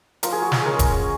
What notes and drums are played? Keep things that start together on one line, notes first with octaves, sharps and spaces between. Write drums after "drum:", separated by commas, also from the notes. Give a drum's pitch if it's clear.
F3 A#4, drum: hi-hat
G#4
F#4
G#4, drum: snare
G#3 C#4 A#4
drum: kick E1, hi-hat